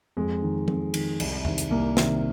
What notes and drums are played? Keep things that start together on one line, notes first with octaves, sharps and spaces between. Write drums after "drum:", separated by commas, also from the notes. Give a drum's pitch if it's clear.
F2 G#3
D#3
F2, drum: tom
D#3, drum: cymbal
C2, drum: cymbal
C3 D#3, drum: tom E2
drum: hi-hat
C2 A#3
C3 D#3, drum: snare